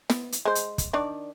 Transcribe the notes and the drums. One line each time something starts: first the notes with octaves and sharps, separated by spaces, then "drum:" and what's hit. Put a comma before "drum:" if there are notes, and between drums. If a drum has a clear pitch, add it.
B3, drum: snare
drum: hi-hat
G#3 C5
drum: hi-hat
drum: kick, hi-hat
D#3 D4 D5